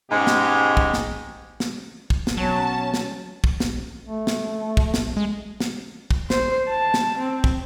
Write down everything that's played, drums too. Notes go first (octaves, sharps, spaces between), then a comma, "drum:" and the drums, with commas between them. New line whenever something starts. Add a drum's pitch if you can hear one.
G#2 B2 G#3 C#4 G4
drum: snare
drum: kick
drum: snare
drum: snare
drum: kick
drum: snare
B2 F#3 C#4 A5
drum: snare
drum: kick
drum: snare
A3
drum: snare
drum: kick
drum: snare
G#3
drum: snare
drum: kick
C5, drum: snare
A5
drum: snare
C4
drum: kick